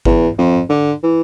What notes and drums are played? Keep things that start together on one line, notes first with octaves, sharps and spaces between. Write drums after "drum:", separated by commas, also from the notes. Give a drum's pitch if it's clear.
E2, drum: kick G1
F2
D3
E3